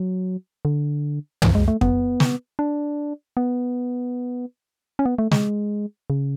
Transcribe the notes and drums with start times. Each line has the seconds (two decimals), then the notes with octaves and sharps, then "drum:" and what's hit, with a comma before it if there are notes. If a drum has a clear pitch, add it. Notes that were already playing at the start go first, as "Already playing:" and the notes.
Already playing: F#3
0.65 D3
1.42 E3, drum: tom
1.55 G#3
1.68 A3
1.81 B3, drum: kick F2
2.20 drum: snare
2.59 D4
3.37 B3
4.99 C#4
5.06 B3
5.19 A3
5.32 G#3, drum: snare
6.10 C#3